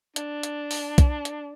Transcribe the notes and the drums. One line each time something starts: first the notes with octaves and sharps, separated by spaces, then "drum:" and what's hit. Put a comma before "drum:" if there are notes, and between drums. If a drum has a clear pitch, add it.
D4, drum: hi-hat
drum: hi-hat
drum: open hi-hat
drum: kick B1, hi-hat
drum: hi-hat